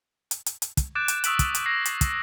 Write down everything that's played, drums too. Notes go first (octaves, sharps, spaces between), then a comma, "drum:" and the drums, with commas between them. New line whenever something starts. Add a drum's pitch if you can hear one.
drum: hi-hat
drum: hi-hat
drum: hi-hat
drum: kick, hi-hat
D6 F#6 G6 A6 D7 E7
drum: hi-hat
C#6 D#6 E6 B6 D7 F#7, drum: hi-hat
drum: kick, hi-hat
drum: hi-hat
E6 G#6 A#6 C7 D7
drum: hi-hat
drum: kick, hi-hat